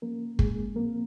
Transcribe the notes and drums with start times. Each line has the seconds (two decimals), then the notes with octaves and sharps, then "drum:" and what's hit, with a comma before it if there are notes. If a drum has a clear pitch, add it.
0.02 F3 A#3 C#4 A#4
0.39 G#3 G#4, drum: kick
0.76 A#2 F3 A#3 C4 A#4